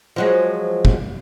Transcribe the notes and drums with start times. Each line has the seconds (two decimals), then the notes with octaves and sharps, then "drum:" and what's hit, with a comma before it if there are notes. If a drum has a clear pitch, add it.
0.16 F3 F#3 G#3
0.85 drum: kick